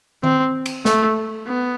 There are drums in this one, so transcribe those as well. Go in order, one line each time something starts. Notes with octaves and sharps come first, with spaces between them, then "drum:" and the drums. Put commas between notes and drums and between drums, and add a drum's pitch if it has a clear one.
C4, drum: tom D#3
drum: cymbal
A3, drum: snare
B3